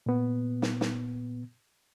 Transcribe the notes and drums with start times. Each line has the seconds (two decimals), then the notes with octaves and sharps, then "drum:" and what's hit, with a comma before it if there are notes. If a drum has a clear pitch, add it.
0.06 A#2 B3
0.62 drum: snare
0.81 drum: snare